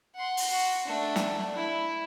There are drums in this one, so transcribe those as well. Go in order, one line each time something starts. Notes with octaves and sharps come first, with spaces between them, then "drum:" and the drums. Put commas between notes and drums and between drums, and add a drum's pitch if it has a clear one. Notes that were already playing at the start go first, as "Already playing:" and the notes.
F#5 C6
drum: open hi-hat
F#4
A3 D4
drum: snare
E4